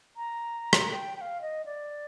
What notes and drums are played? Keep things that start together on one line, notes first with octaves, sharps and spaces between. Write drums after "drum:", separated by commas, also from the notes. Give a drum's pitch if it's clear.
A#5
drum: rim click
G5
G5
F5
D#5
D5